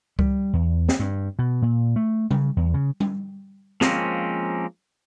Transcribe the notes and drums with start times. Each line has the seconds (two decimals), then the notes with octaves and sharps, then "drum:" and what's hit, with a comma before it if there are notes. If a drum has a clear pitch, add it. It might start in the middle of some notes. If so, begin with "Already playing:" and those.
0.19 G3, drum: kick C#2
0.53 E2
0.89 drum: snare
1.00 G2
1.39 B2
1.62 A#2
1.96 A3
2.31 C#3, drum: tom G3
2.57 E2
2.74 C#3
3.00 drum: tom G3
3.81 F3 G#3 A#3 C4 C#4, drum: snare